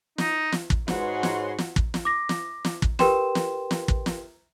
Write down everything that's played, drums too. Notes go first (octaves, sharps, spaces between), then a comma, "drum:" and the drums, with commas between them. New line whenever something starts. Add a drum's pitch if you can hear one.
D#4, drum: snare
drum: snare
drum: kick
G#2 F#4 B4 C#5 C6, drum: snare
drum: snare
drum: snare
drum: kick
drum: snare
D6 A#6
drum: snare
drum: snare
drum: kick
G4 A#4 B4 G5 C6 E7, drum: snare
drum: snare
drum: snare
drum: kick
drum: snare